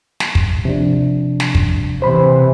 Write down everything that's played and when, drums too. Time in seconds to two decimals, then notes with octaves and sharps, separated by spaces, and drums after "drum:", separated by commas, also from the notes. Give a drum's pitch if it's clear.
0.20 drum: snare
0.35 drum: kick
0.65 C3 F3 D4
1.40 drum: snare
1.55 drum: kick
2.02 C3 E3 C5 B5 C6